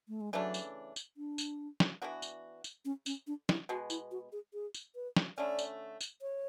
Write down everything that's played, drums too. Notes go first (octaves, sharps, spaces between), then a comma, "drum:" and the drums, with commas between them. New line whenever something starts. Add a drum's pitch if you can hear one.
A3
G#3
C#3 E3 F#3 A3 D4
drum: tambourine
drum: tambourine
D4
drum: tambourine
drum: snare
E3 B3 D4 F#4
drum: tambourine
drum: tambourine
C#4
C#4, drum: tambourine
D4
E4, drum: snare
B2 G#3 B3 F#4
E4, drum: tambourine
F#4
G#4
G#4
drum: tambourine
B4
drum: snare
D3 A3 C#4 D5
drum: tambourine
drum: tambourine
C#5